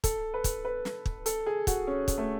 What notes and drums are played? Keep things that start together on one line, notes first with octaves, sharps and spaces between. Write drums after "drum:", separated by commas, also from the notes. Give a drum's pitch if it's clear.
A4, drum: kick, hi-hat
B4
drum: kick, hi-hat
B4
drum: snare
drum: kick
A4, drum: hi-hat
G#4
F#4, drum: kick, hi-hat
C#4
drum: kick, hi-hat
A3